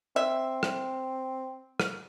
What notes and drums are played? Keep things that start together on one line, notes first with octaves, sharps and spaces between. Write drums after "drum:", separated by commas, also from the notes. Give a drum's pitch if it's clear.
C4 E5
drum: rim click
drum: rim click